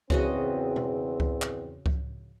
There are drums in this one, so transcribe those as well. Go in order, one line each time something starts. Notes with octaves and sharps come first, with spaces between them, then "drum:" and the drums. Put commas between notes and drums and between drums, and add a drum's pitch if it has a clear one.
E2 C#3 C4 F#4 D#5, drum: kick C#2
drum: tom B2
drum: kick C#2
drum: clap
drum: kick C#2